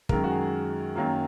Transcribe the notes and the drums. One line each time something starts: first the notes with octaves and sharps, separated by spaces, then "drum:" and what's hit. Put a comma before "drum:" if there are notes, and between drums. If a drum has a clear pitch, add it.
F#2 D#3 G#3 A#4, drum: kick
F#4
G#4
F#2 D#3 F#3 A#3